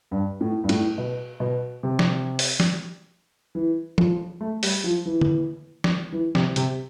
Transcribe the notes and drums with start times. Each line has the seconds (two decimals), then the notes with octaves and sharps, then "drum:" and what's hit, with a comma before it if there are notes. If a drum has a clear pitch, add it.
0.11 G2
0.41 A2
0.64 G2
0.69 A2, drum: cymbal
0.98 B2
1.40 B2
1.83 C3
1.99 drum: snare
2.39 drum: open hi-hat
2.60 drum: snare
3.55 E3
3.98 F3, drum: tom
4.41 A3
4.63 G3, drum: open hi-hat
4.84 F3
5.06 E3
5.21 drum: tom
5.84 drum: snare
6.12 E3
6.35 C3, drum: snare
6.56 C3, drum: hi-hat